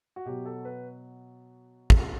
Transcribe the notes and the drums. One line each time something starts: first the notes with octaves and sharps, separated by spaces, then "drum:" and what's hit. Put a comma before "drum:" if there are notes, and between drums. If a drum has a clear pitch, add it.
F#4
B2 F#3 G4
A4
B4
drum: kick